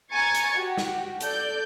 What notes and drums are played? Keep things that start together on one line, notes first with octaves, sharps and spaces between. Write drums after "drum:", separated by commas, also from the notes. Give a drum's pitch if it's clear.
G#5 A#5 C#6 G#6 A6 C#7
drum: hi-hat
F#4 G4
drum: snare
A4 D5 G6, drum: hi-hat